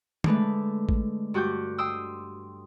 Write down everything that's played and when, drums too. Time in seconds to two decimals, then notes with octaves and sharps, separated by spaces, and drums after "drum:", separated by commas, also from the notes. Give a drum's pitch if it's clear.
0.24 D3 G#3 A3 B4, drum: tom
0.89 drum: kick
1.34 G2 F#4 G4 G5 G6
1.78 G5 C6 D#6 E6